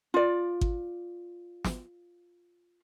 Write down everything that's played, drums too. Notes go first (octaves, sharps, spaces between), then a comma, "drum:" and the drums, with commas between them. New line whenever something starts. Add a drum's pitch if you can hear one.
F4 D5
drum: kick G#1
drum: snare